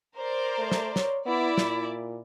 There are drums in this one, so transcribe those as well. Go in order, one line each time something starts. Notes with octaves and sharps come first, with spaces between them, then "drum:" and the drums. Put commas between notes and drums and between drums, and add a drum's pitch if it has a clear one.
A#4 C5 D5
A3
drum: snare
C#5, drum: snare
B3 E4 D5
A#2, drum: snare